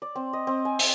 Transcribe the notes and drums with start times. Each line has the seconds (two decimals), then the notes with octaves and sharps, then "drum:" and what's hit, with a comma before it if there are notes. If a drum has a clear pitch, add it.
0.02 D5
0.15 C4
0.33 D#5
0.47 C4
0.65 G#5
0.79 C4, drum: open hi-hat